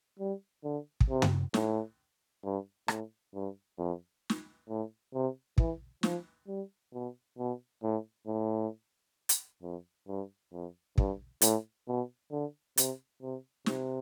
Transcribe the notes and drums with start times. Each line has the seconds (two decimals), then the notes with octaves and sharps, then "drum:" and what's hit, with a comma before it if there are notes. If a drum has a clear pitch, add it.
0.19 G3
0.64 D3
1.01 drum: kick
1.10 C3
1.22 drum: tom
1.54 A2, drum: snare
2.44 G2
2.88 A2, drum: rim click
3.34 G2
3.79 F2
4.30 drum: snare
4.69 A2
5.14 C3
5.58 E3, drum: kick
6.03 F3, drum: snare
6.48 G3
6.93 B2
7.38 B2
7.83 A2
8.27 A2
9.29 drum: hi-hat
9.62 F2
10.08 G2
10.52 F2
10.98 G2, drum: kick
11.42 A2, drum: hi-hat
11.88 B2
12.31 D3
12.77 C3, drum: hi-hat
13.22 C3
13.66 C3, drum: snare